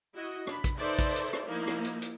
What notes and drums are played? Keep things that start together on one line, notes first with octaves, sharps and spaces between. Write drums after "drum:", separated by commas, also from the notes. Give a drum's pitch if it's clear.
E4 F#4 D#5
D4 B5, drum: rim click
drum: kick, hi-hat
D#4 A4 B4 C5 D5 E5
drum: kick, hi-hat
drum: hi-hat
drum: rim click
F3 A#3 D#4 E4
drum: rim click
drum: hi-hat
drum: hi-hat